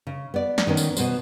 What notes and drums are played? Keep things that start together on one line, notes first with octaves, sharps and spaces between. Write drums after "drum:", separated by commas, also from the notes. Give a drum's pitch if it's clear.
C#3
B3 D5
drum: snare
D#3 B3 C#4
drum: tambourine
B2 B3 C5, drum: tambourine